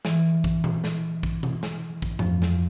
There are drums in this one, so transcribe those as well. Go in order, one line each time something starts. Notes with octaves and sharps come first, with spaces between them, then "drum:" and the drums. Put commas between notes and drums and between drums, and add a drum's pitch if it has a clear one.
E3, drum: snare
drum: kick
drum: tom A#2
drum: snare
drum: kick
drum: tom B2
drum: snare
drum: kick
F2 F3, drum: tom G2
drum: snare